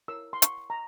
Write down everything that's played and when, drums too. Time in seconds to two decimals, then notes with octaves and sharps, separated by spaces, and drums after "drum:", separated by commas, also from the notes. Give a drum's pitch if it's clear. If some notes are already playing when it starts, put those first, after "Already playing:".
0.08 E4 A#4 C#5 E6
0.33 C6
0.42 C#6, drum: hi-hat
0.70 A#5